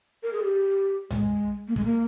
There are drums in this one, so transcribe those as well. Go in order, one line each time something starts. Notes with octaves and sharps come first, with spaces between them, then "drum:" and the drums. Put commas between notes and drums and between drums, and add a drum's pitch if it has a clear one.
A#4
G#4
G4
G#3, drum: tom B1
A#3
G#3, drum: kick
A#3